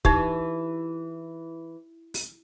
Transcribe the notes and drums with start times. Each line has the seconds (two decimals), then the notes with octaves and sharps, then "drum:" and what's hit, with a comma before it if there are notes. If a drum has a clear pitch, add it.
0.05 E3 D#4 G4, drum: kick
2.14 drum: open hi-hat